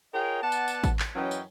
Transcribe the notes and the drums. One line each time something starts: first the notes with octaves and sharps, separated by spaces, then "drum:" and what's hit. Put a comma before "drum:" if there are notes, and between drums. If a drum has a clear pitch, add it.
F4 G#4 A#4 C#5 D#5 G5
B3 D5 F#5 A5
drum: tambourine
drum: tambourine
drum: kick A1, tambourine
drum: clap
F#2 E3 F#3 C#4 D#5 G5
drum: tambourine